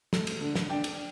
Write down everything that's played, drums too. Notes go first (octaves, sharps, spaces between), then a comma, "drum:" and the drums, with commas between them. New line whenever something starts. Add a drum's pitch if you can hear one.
A3, drum: snare
drum: cymbal
D3
drum: snare
D4 G5
drum: cymbal